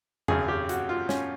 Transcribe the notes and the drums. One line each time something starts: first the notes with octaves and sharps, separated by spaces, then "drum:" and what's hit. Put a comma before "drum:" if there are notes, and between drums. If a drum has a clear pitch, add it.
G#1 F#2 C#3 G#4, drum: tom E2
G4
F#4, drum: hi-hat
F4
C#4, drum: snare